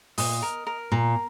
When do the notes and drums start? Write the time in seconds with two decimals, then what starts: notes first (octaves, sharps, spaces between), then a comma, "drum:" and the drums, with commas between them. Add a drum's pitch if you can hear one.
0.18 A#2 D#5, drum: open hi-hat
0.42 A#4
0.67 A#4
0.92 A#2 A#5